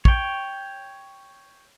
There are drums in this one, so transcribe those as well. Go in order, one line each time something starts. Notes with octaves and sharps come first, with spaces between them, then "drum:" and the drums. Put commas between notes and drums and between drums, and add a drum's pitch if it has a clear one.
C#5 G5, drum: kick